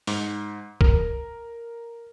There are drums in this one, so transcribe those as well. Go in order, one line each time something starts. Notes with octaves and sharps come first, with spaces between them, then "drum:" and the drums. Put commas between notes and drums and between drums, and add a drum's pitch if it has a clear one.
G#2, drum: open hi-hat
A#4, drum: kick